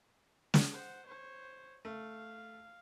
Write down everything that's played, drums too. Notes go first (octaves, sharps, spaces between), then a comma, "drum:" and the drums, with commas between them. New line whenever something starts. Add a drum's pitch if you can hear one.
drum: snare
C5 F#5
C5 C#5
A3 F5